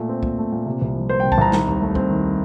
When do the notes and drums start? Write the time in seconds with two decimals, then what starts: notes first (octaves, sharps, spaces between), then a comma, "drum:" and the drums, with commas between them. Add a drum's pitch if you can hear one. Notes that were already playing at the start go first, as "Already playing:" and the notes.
Already playing: A#2 A3
0.09 C4
0.23 A#2, drum: kick
0.38 A3
0.52 A#2
0.66 C3
0.81 C2
0.96 F3
1.09 A#3 C5
1.20 G5
1.23 C3
1.32 A5, drum: kick
1.38 C2 A#5
1.52 D#3, drum: snare
1.67 D#2
1.81 A3
1.95 C4, drum: kick
2.10 D#3